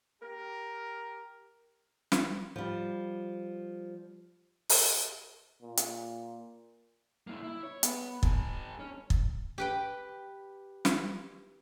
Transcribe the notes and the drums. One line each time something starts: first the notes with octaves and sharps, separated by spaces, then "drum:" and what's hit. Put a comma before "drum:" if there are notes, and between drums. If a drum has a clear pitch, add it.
G4 A#4
drum: snare
F3 G3
drum: open hi-hat
A#2
drum: hi-hat
A#3 E4
E4
C#5
B3, drum: hi-hat
G#4 A#4, drum: kick
C#4
drum: kick
G4 B4 G5
drum: snare